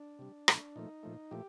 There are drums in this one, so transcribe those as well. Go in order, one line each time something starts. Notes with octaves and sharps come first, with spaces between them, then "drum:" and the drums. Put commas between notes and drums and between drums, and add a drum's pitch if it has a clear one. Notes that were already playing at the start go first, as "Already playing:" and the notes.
Already playing: D4
C3 G3
A#2 F3 A3, drum: rim click
A#2 F3 A3 D#4
A#2 F3 A3
A#2 F3 A3 G4